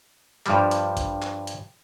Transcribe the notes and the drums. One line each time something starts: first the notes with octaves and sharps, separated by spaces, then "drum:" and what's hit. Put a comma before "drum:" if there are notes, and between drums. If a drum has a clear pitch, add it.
G2 F3 G3, drum: clap
drum: hi-hat
drum: kick, hi-hat
drum: clap
drum: hi-hat